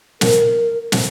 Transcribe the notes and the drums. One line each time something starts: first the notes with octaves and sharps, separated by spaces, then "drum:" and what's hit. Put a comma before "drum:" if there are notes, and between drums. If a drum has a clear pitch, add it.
A#4, drum: snare
drum: snare